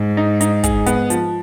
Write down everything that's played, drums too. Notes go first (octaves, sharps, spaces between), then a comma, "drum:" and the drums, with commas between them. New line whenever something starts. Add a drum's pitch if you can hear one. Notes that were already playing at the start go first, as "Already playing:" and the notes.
Already playing: G#2
D#4
D#4, drum: hi-hat
G#4, drum: kick, hi-hat
B3, drum: hi-hat
F3, drum: hi-hat